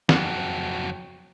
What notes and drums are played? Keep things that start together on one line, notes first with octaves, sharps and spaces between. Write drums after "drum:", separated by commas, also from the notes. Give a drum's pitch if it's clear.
F2 F#3, drum: snare